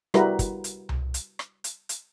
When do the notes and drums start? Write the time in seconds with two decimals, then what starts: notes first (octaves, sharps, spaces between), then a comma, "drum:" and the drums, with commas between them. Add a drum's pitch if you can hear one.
0.14 G3 E4 F#4 A#4 B4 A#5, drum: rim click
0.39 drum: kick, hi-hat
0.64 drum: hi-hat
0.89 drum: tom C2
1.14 drum: hi-hat
1.39 drum: rim click
1.64 drum: hi-hat
1.89 drum: hi-hat